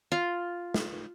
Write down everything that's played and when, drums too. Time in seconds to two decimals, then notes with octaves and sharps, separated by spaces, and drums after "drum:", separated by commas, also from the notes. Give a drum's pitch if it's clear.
0.12 F4
0.74 drum: snare